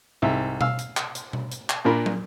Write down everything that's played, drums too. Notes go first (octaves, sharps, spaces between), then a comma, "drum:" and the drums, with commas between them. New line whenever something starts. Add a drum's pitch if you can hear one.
C2 G#2 E5
F5 E6, drum: tom B2
drum: hi-hat
drum: clap
drum: hi-hat
drum: tom B2
drum: hi-hat
drum: clap
A#2 D4 F4 A#4 B5
drum: tom